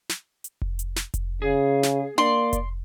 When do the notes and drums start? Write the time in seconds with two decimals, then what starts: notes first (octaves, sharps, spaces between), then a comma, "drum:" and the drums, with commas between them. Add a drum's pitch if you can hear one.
0.09 drum: snare
0.44 drum: hi-hat
0.62 drum: kick F1
0.79 drum: hi-hat
0.96 drum: snare
1.14 drum: kick F1, hi-hat
1.42 C#3 G#4
1.83 drum: snare
2.18 A#3 D5 C6, drum: tom D4
2.53 drum: kick F1, hi-hat